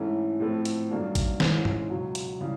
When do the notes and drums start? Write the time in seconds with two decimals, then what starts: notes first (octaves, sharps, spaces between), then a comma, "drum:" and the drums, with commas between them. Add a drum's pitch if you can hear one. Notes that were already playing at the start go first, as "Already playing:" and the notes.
Already playing: G#2 E3 A3 C#4 E4
0.40 A2 F3 A3 C4
0.65 drum: hi-hat
0.90 G2 D#3 F#3 A#3 D4
1.15 drum: kick G#1, hi-hat
1.40 G#2 E3 G#3 C#4, drum: snare
1.65 drum: tom G2
1.90 C#2 B2 F#3
2.15 drum: hi-hat
2.40 C#3 E3 G3